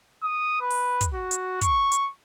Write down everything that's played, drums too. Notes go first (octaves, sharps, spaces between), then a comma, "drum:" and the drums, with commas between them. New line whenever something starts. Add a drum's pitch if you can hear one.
D#6
B4
drum: open hi-hat
drum: kick, hi-hat
F#4
drum: hi-hat
C#6, drum: kick, hi-hat
drum: hi-hat